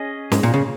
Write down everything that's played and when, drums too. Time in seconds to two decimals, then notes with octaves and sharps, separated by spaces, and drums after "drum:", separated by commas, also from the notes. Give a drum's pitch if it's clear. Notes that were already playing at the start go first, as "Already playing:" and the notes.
Already playing: C#4 G#4 D#5
0.32 G#2, drum: snare
0.43 A#2
0.54 C#3